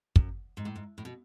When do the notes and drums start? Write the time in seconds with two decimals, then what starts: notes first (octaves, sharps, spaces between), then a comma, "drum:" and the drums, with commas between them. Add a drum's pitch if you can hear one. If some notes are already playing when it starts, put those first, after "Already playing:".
0.16 F#2, drum: kick
0.57 G#2
0.65 A2
0.76 G#2
0.98 A2
1.05 B2